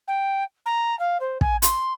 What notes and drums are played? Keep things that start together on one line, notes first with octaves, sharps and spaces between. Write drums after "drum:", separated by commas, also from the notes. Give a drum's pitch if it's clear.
G5
A#5
F5
C5
G#5, drum: kick
C6, drum: hi-hat